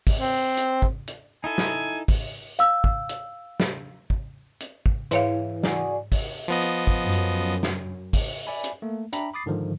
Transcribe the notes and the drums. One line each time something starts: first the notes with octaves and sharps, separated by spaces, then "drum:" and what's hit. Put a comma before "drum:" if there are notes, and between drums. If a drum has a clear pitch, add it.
drum: kick, open hi-hat
C4
drum: hi-hat
drum: kick
drum: hi-hat
D#4 E4 A4 G#5
drum: snare
drum: kick, open hi-hat
F5 E6, drum: hi-hat
drum: kick
drum: hi-hat
drum: snare
drum: kick
drum: hi-hat
drum: kick
G#2 E3 C#5 F5, drum: hi-hat
F#4 G#4 D5, drum: snare
drum: kick, open hi-hat
F3 B3 D#5
drum: hi-hat
drum: kick
F#2
drum: hi-hat
drum: snare
drum: kick, open hi-hat
D5 E5 G#5 B5
drum: hi-hat
A3 A#3
D4 E5 G5 A#5 B5, drum: hi-hat
B5 D6 D#6 A6 C7
G#2 D3 D#3 F3